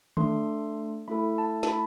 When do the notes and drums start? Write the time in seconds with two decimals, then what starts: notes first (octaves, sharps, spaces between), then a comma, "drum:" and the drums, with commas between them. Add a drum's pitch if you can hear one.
0.17 A3 D4 A4 C6, drum: tom D3
1.08 A3 E4 A4 B5
1.38 A5
1.63 A5, drum: snare
1.68 B5